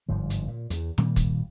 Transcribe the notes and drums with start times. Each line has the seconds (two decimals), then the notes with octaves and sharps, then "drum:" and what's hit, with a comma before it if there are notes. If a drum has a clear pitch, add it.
0.09 G1 G#2 F3
0.30 drum: hi-hat
0.48 A#2
0.70 E2, drum: hi-hat
0.98 A#2 D#3 G3 A#3, drum: snare
1.16 drum: kick, hi-hat